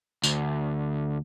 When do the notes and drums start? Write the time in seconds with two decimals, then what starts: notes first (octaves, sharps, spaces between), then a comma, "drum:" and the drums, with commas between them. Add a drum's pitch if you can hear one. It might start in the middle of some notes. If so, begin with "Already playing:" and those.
0.24 D2, drum: tambourine